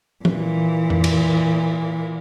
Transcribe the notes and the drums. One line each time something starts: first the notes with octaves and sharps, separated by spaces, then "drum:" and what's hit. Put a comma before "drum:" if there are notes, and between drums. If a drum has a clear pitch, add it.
A#2 E3, drum: tom E3
drum: tom F2
drum: cymbal